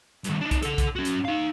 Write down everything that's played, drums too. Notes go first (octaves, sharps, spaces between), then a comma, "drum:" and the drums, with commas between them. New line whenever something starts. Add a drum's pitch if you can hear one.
G2 D#3, drum: hi-hat
D4 D#4
drum: kick B1, hi-hat
A4 F#5, drum: hi-hat
drum: kick B1, hi-hat
C#4 F#4
drum: hi-hat
D#4 F5